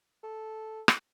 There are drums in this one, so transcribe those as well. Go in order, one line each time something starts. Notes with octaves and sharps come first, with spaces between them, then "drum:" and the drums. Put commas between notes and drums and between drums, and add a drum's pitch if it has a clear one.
A4
drum: rim click